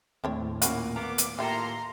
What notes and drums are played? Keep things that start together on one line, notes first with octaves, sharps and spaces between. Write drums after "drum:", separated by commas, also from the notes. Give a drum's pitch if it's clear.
D#2 A2 C4 D4 C#5
A#2 A#3 C#4 E4 F#4, drum: hi-hat
A#3 B3 A#5 D6
drum: hi-hat
E3 A#3 F4 G4 A4 A#5 C6